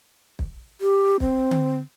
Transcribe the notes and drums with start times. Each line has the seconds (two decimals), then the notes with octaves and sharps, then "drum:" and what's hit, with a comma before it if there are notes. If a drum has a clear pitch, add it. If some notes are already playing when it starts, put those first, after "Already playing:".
0.39 drum: kick
0.81 G4
1.20 C4, drum: kick
1.51 drum: tom D3